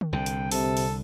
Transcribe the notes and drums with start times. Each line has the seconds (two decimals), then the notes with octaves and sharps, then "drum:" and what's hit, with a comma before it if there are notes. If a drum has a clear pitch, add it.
0.01 drum: tom D3
0.13 C2 D3 G5
0.26 drum: hi-hat
0.52 C3 A4, drum: open hi-hat
0.77 drum: open hi-hat